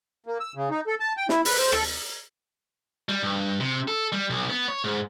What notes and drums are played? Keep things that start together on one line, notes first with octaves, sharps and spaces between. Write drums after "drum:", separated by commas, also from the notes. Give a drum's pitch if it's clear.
A#3
E6
C#3
D#4
A4
A5
G5
E4, drum: snare
B4, drum: open hi-hat
C5
A4, drum: rim click
G3
G2
C3
A4
G3
B1
B3
C#5
G#2